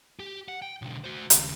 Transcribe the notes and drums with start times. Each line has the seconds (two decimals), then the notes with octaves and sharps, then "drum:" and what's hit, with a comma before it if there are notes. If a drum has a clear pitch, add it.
0.19 G4
0.48 F#5
0.62 G5
0.82 B1 D3
1.04 F#4 C5
1.30 D#2 C#3, drum: hi-hat